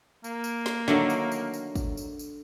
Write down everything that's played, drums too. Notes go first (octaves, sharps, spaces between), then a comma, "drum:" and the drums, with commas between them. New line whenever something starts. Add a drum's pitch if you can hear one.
A#3, drum: tambourine
drum: tambourine
drum: snare
D3 D#3 F#3 A3, drum: snare
drum: tambourine
drum: tambourine
drum: tambourine
drum: kick, tambourine
drum: tambourine
drum: tambourine